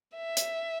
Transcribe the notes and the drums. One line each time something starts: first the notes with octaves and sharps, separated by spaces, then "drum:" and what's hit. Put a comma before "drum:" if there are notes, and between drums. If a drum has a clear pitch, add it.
E5
drum: hi-hat